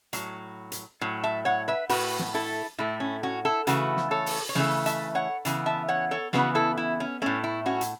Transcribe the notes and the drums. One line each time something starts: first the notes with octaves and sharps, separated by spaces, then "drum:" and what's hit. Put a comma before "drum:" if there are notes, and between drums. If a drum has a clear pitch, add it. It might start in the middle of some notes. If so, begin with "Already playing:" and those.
A2 F#3, drum: hi-hat
drum: hi-hat
A2 F#3
E5 A5
C#5 F#5
B4 E5
A2 A3 F#4 B4, drum: open hi-hat
drum: snare
E4 A4
A2 A3 E4
C#4
C#4 F#4
E4 A4
C#3 E3 A3 F#4 B4, drum: hi-hat
drum: snare
A4 C#5
drum: open hi-hat
C#5
C#3 E3 A3, drum: snare
E5 A5, drum: hi-hat
C#5 F#5
C#3 E3 B3, drum: hi-hat
E5 A5
C#5 F#5
A4 C#5
C#3 E3 B3 F#4 B4, drum: snare
E4 A4
E4
C#4
A2 A3 C#4
E4
C#4 F#4
drum: hi-hat